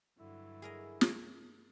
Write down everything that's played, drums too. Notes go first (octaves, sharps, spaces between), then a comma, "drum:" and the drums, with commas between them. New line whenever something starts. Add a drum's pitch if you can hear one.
G2 D3 F#3 E4
G#4 A#4 D#5
drum: snare